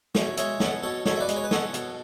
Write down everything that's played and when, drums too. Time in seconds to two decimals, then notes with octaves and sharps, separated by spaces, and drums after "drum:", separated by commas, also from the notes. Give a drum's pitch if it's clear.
0.15 B2 C#5 E5, drum: snare
0.37 G#3 C#5 E5, drum: hi-hat
0.60 B3 A4 C#5, drum: snare
0.83 B2 A4 C#5
1.05 B2 A4 C#5, drum: snare
1.16 E5
1.21 B4 D5
1.29 G#3, drum: hi-hat
1.36 C#5
1.44 B4
1.51 B3 A4 C#5, drum: snare
1.74 B2, drum: hi-hat